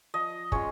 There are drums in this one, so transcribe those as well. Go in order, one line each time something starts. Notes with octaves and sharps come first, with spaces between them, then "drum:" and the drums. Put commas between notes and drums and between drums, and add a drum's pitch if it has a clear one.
F3 D#5
G#3 C#4 F4 C#5, drum: kick